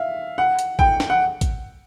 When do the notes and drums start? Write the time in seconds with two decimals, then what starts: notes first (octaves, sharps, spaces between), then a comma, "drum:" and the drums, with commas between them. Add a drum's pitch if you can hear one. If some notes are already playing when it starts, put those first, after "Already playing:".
Already playing: E5 F5
0.38 F#5
0.59 drum: hi-hat
0.79 G5, drum: kick A1
1.00 drum: snare
1.10 F#5
1.41 drum: kick A1, hi-hat